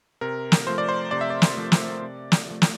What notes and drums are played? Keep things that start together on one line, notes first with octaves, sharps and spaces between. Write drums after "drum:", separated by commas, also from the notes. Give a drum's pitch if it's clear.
C3 A#4
drum: snare
F3 A3 C5
D5
C5
C3 D5
E5
D5
drum: snare
F3 A3
drum: snare
C3
drum: snare
F3 A3
drum: snare